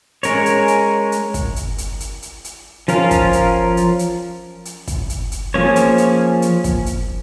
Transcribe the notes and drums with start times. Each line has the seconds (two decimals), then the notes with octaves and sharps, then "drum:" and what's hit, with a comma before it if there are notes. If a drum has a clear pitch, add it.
0.23 G#3 C#4 A#4 C#5, drum: hi-hat
0.46 drum: hi-hat
0.68 drum: hi-hat
1.12 drum: hi-hat
1.34 drum: kick, hi-hat
1.56 drum: hi-hat
1.78 drum: hi-hat
2.00 drum: hi-hat
2.22 drum: hi-hat
2.44 drum: hi-hat
2.88 F3 C#4 F4 A#4, drum: hi-hat
3.11 drum: kick, hi-hat
3.33 drum: hi-hat
3.77 drum: hi-hat
3.99 drum: hi-hat
4.65 drum: hi-hat
4.87 drum: kick, hi-hat
5.10 drum: hi-hat
5.32 drum: hi-hat
5.54 F3 A#3 C#4 G#4 C#5
5.76 drum: hi-hat
5.98 drum: hi-hat
6.42 drum: hi-hat
6.64 drum: kick, hi-hat
6.86 drum: hi-hat